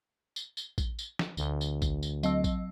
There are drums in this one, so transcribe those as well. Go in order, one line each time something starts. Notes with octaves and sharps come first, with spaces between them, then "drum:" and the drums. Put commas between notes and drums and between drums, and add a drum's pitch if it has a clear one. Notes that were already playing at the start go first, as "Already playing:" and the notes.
drum: tambourine
drum: tambourine
drum: kick, tambourine
drum: tambourine
drum: snare
D2, drum: tambourine
drum: tambourine
drum: kick, tambourine
drum: tambourine
F#3 D#5 E6, drum: tambourine
drum: kick, tambourine